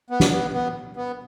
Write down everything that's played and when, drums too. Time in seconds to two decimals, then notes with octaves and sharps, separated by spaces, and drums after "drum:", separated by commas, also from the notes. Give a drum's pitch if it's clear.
0.10 B3
0.20 drum: snare
0.31 B3
0.53 B3
0.97 B3